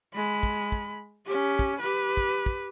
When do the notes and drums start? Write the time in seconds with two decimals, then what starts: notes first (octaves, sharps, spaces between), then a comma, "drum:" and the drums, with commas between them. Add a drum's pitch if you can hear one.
0.14 G#3 B5
0.43 drum: kick
0.72 drum: kick
1.26 C#4 G4
1.59 drum: kick
1.79 G4 B4
2.17 drum: kick
2.46 drum: kick